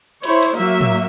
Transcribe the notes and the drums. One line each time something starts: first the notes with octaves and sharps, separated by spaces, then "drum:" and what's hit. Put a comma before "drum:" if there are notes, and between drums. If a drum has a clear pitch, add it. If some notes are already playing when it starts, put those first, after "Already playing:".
E4 C5 C#5, drum: cymbal
drum: cymbal
F#3 A#3 E5
drum: tom